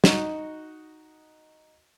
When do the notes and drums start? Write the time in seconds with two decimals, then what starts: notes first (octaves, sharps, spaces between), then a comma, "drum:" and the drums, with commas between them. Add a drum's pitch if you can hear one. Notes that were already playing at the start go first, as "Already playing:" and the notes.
0.04 D#4 F#4 D#5, drum: snare